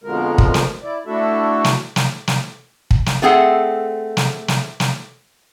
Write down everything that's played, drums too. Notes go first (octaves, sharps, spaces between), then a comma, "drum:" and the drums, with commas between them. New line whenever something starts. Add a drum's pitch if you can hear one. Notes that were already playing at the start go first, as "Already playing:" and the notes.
F2 B2 D3 F3 G#3 A#4
drum: kick
drum: snare
E4 D5
A3 D4 E4 F#4 A4 E5
drum: snare
drum: snare
drum: snare
drum: kick
drum: snare
A3 C4 G#4 A4 F#5
drum: snare
drum: snare
drum: snare